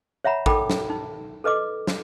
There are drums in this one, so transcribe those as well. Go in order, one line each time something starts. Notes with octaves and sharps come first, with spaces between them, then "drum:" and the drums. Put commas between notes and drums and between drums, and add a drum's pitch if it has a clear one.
C#5 E5 F#5 A#5 B5
D#4 A4 A#4 G5 B5 D6, drum: kick
drum: snare
D#4
A4 B4 D#5 D6
drum: snare